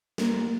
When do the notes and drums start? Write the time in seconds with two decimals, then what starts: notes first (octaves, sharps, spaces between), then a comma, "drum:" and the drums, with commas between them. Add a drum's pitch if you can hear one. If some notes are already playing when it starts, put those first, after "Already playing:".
0.18 A#3, drum: snare